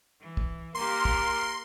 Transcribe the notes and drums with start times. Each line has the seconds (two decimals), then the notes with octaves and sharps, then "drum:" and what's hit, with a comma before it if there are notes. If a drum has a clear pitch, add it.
0.20 E3
0.37 drum: kick
0.75 A#3 G4 A#4 C6
1.05 drum: kick